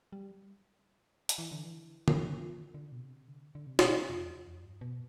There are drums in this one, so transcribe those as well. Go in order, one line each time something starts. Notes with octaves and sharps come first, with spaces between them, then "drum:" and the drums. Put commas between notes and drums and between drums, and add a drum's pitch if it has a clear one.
G3
drum: hi-hat
E3
D3
E3
drum: tom
D3
D3
B2
C3
D3
D3
C3
B2, drum: snare
C3
F2
E2
F2
G2
B2